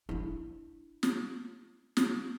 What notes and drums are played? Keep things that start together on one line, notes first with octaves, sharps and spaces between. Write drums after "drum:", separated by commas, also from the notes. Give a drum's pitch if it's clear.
D4 E4
drum: snare
drum: snare